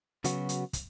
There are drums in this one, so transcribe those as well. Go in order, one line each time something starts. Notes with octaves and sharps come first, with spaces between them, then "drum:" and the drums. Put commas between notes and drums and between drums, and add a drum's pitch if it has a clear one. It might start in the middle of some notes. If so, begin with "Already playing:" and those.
C#3 F#3 B3 F#4, drum: hi-hat
drum: hi-hat
drum: kick, hi-hat